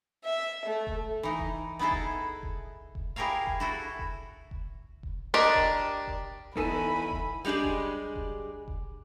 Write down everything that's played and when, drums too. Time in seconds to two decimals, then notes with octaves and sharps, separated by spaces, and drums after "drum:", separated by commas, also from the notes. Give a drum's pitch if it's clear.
0.24 E5
0.65 A3
0.87 drum: kick E1
1.23 E3 D#4
1.39 drum: kick E1
1.79 B3 D#4 E4 G#4 A4
1.91 drum: kick E1
2.43 drum: kick E1
2.95 drum: kick E1
3.16 E4 G4 G#4 A#4 C#5 F5
3.47 drum: kick E1
3.60 E4 F#4 A4
3.99 drum: kick E1
4.51 drum: kick E1
5.03 drum: kick E1
5.34 D4 G4 A#4 D#5
5.55 drum: kick E1
6.07 drum: kick E1
6.57 E2 D#4 E4 A4 B4 G#5 B5, drum: kick E1
7.11 drum: kick E1
7.45 G3 G#3 D4 G4 G#4
7.64 drum: kick E1
8.16 drum: kick E1
8.68 drum: kick E1